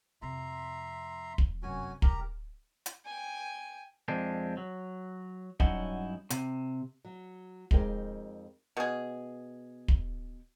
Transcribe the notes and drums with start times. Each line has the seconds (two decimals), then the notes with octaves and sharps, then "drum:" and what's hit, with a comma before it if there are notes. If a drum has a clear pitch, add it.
0.22 F2 C3 E5 A#5 C6
1.38 drum: kick
1.63 F1 F#2 C#4 F#4 G#5
2.02 B1 G4 A#4 A#5, drum: kick
2.86 drum: hi-hat
3.05 G5 G#5
4.08 F2 G#3 C4 D4
4.57 F#3
5.60 G2 F#3 C#4 D#4 E4 F#5, drum: kick
6.30 C3, drum: hi-hat
7.05 F#3
7.71 F2 G#3 D#4 G4 A#4 G5, drum: kick
8.77 B2 G#4
9.88 drum: kick